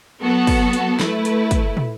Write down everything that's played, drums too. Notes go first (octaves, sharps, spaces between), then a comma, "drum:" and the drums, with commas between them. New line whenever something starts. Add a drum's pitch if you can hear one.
F#3 B3 F#4 A4
drum: kick, open hi-hat
drum: hi-hat
A3 E4 B4, drum: snare
drum: hi-hat
drum: kick, hi-hat
drum: tom